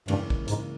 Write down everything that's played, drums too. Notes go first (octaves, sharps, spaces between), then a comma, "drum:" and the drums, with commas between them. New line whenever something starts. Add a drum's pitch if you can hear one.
C#2 G2 C#3 E3 A#3, drum: cymbal
drum: kick
G#2, drum: hi-hat